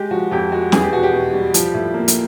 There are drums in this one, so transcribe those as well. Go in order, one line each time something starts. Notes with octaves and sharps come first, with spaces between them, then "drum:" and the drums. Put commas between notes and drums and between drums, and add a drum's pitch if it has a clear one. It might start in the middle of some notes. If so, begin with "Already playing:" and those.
Already playing: G#3 G4
F3 F#4
F2 G4
G#3 F#4
E2 G#4, drum: snare
G4
B2 F#4
G4
B2
G3
F3, drum: hi-hat
A2
A#3
drum: hi-hat